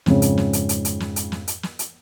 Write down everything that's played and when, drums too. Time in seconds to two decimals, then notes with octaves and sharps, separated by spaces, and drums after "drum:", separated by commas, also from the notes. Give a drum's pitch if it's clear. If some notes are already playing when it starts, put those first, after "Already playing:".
0.06 F2 G#2 C#3, drum: snare
0.22 drum: hi-hat
0.38 drum: snare
0.53 drum: hi-hat
0.69 drum: hi-hat
0.85 drum: hi-hat
1.00 drum: snare
1.16 drum: hi-hat
1.32 drum: snare
1.48 drum: hi-hat
1.63 drum: snare
1.79 drum: hi-hat